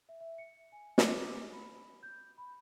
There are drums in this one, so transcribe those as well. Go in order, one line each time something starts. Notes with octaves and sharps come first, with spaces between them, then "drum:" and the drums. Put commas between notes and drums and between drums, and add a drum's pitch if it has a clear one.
E5
E5
C#7
G#5
D6, drum: snare
B5
G6
B5